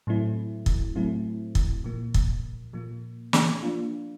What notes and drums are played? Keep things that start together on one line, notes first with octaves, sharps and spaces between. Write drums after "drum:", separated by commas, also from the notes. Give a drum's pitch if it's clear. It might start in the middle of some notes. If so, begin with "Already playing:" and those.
A2 F#3 A3 C4 E4
drum: kick
A2 F#3 A3 C4 E4
drum: kick
A#2 F3 A#3
drum: kick
A#2 F3 A#3
drum: snare
F3 A#3 D4 F4